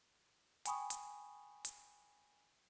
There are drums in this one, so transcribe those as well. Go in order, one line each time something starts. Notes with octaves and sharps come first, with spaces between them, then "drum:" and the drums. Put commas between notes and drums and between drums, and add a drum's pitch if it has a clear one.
G5 G#5 B5 C#6 D#6, drum: hi-hat
drum: hi-hat
drum: hi-hat